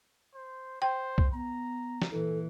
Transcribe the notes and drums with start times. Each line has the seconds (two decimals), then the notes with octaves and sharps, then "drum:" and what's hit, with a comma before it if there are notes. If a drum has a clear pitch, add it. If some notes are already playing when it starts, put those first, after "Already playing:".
0.34 C5
0.82 C5 G5
1.18 drum: kick C2
1.33 B3 A#5
2.02 drum: snare
2.11 A#2 E3 A4